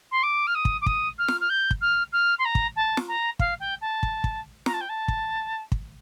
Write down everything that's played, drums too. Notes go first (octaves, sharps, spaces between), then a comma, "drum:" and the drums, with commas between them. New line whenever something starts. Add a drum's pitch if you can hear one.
C6
D6
F6
D#6
drum: kick
D6
D#6, drum: kick
F6
drum: snare
F6
G6
drum: kick
F6
F6
C6
A#5
drum: kick
A5
drum: snare
A#5
F5, drum: kick
G5
A5
drum: kick
drum: kick
A#5, drum: snare
A5
G5
A5
drum: kick
drum: kick